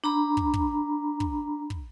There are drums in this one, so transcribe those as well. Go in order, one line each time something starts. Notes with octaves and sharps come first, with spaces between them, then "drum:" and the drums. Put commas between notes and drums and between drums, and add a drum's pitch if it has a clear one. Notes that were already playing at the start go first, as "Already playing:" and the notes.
D4 A#5 B5
drum: kick
drum: kick
drum: kick
drum: kick